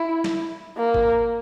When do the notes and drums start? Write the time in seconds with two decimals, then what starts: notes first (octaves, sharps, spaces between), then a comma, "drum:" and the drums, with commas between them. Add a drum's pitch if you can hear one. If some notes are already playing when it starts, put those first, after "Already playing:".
Already playing: E4
0.24 drum: snare G3
0.77 A#3
0.94 drum: kick